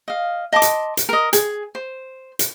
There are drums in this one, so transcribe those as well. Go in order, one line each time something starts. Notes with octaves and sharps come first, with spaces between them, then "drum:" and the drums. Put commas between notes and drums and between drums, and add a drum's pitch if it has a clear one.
D#5 F5
D#5 A5 C6 D6
drum: hi-hat
drum: hi-hat
A#4 D#5
G#4, drum: hi-hat
C5
drum: hi-hat